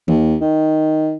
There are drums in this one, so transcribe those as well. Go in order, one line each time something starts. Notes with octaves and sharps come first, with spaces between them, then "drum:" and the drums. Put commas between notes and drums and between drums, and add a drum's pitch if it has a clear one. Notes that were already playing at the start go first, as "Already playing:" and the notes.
D#2, drum: tom D#3
D#3